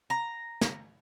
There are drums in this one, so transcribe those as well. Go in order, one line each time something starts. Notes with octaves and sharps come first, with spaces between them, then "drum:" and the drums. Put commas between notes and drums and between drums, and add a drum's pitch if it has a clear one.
A#5
drum: snare